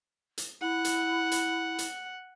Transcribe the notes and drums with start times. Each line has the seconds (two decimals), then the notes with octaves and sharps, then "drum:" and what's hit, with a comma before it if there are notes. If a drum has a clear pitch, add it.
0.38 drum: hi-hat
0.61 E4 F#5
0.85 drum: hi-hat
1.32 drum: hi-hat
1.78 drum: hi-hat